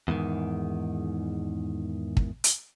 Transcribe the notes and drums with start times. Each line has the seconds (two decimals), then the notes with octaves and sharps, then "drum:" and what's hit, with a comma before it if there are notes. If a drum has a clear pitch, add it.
0.08 E2 G#2 D#3
2.17 drum: kick
2.44 drum: hi-hat